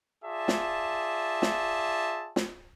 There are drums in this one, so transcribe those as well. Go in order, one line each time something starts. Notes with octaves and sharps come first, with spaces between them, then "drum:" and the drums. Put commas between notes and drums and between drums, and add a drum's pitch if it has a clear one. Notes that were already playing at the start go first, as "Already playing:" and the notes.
F4 G#4 D5 E5 A5
drum: snare
drum: snare
drum: snare